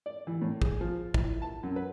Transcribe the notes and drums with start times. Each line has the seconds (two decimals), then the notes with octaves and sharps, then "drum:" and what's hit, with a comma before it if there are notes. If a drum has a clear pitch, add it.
0.06 D5
0.27 E3
0.41 A2
0.62 G#4, drum: kick
0.81 F3
1.14 E4, drum: kick
1.42 A5
1.63 F#2
1.76 B4